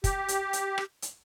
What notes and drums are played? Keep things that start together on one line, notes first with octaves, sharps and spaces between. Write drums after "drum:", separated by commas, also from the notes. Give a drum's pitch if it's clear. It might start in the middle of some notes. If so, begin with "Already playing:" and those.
G4, drum: kick, hi-hat
drum: hi-hat
drum: hi-hat
drum: rim click
drum: hi-hat